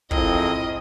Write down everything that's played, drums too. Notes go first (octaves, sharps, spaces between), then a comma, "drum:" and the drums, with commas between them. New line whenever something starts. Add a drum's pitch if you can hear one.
F2 G#2 C4 E4 G#4 A#4 D#5, drum: kick